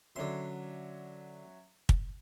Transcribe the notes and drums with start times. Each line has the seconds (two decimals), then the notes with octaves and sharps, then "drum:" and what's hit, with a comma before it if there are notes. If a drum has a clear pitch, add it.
0.16 D3 F#3 C#4 E5 C6
1.89 drum: kick